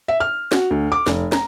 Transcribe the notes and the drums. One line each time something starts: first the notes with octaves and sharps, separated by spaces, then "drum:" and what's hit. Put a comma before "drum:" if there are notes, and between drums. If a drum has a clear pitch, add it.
E5
F6
F#4, drum: snare
D2
D6
F1, drum: snare
A#5, drum: snare